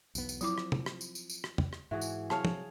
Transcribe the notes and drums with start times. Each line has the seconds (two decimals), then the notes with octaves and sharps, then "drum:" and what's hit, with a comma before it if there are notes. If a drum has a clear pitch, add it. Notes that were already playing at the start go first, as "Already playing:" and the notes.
0.15 B1 E2 B3, drum: tambourine
0.29 drum: tambourine
0.41 F3 F#3 C4 E4 D6, drum: tambourine
0.58 drum: rim click
0.72 drum: tom
0.86 drum: rim click
1.01 drum: tambourine
1.15 drum: tambourine
1.30 drum: tambourine
1.44 drum: rim click
1.58 drum: tom
1.73 drum: rim click
1.91 G#2 E3 F#4 G#4
2.01 drum: tambourine
2.30 C3 F#3 G#4 C#5 F5 A5, drum: rim click
2.45 drum: tom